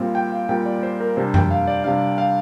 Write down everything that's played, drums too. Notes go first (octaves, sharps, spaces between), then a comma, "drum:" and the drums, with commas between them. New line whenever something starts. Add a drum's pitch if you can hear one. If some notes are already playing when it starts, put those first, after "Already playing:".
Already playing: A#2 G3 C4 F5
G5
F5
A#2 G3 C4 G5
D5
C5
A#4
C3 G3 D4 C5
G5, drum: tom F#2
F5
D5
C3 G3 D4 F5
F5